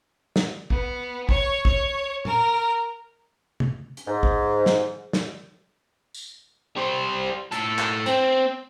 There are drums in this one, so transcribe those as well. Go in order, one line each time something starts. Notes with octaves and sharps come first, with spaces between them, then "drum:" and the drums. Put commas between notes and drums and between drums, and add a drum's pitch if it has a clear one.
drum: snare
B3, drum: kick
C#5, drum: kick
C#5, drum: kick
A#4, drum: tom
drum: tom
drum: hi-hat
G#2
drum: kick
drum: snare
drum: snare
drum: tambourine
G3 C5
A2 A4, drum: hi-hat
drum: clap
C4, drum: hi-hat